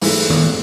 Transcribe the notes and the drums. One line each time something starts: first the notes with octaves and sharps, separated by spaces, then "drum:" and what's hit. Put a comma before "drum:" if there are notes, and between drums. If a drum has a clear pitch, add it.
G#2 E3 A3 E4, drum: open hi-hat
drum: tom D#3